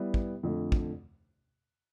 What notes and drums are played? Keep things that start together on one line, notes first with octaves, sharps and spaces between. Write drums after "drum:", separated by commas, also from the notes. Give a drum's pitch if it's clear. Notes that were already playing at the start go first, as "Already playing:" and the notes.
Already playing: G3 B3 E4 B4
drum: kick
F2 D3 A3
drum: kick